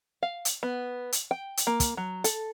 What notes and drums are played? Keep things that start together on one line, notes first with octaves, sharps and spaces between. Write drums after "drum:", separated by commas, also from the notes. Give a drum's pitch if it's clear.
F5
drum: hi-hat
B3
drum: hi-hat
G5
drum: hi-hat
A#3
drum: kick, hi-hat
F#3
A4, drum: hi-hat